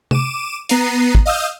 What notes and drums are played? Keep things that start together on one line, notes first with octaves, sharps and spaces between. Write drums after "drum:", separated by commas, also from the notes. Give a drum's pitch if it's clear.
D6 D#7 E7, drum: tom C3
B3 A#5 C7 D#7, drum: hi-hat
drum: kick
D#5 F5 D#6 E6 G6